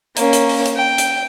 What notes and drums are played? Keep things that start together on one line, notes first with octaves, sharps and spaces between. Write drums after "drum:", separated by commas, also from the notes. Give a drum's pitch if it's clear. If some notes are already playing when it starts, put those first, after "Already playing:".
A#3 C#4, drum: hi-hat
drum: hi-hat
drum: open hi-hat
drum: hi-hat
G5
drum: hi-hat